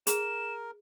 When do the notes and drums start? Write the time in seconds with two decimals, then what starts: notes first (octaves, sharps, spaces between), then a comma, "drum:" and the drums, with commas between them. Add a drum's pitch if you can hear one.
0.07 G#4 A#4 E7, drum: hi-hat